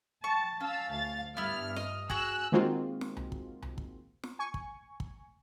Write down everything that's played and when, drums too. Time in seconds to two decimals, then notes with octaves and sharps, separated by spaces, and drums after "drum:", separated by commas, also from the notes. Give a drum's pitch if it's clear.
0.24 A5 C#6
0.60 C#4 F5 A5 E6
0.92 D2 F5 A6
1.37 G2 B3 E4 F6
1.76 D#5, drum: snare
2.10 F#4 G#4 E6 F#6, drum: kick
2.52 D#3 G#3 A#3 C4 F4 F#4
3.01 drum: snare
3.17 drum: tom C2
3.32 drum: kick
3.62 drum: tom C2
3.78 drum: kick
4.23 drum: snare
4.39 G#5 C#6
4.54 drum: kick
5.00 drum: kick